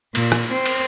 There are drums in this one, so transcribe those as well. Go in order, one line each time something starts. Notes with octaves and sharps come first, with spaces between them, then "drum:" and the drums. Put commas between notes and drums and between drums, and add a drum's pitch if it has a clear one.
A#2, drum: cymbal
drum: rim click
C4
drum: cymbal